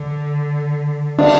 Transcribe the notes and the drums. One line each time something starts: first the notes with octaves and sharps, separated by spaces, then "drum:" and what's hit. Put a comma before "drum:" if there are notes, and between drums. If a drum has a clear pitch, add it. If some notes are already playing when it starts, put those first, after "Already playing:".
Already playing: D3
D4, drum: cymbal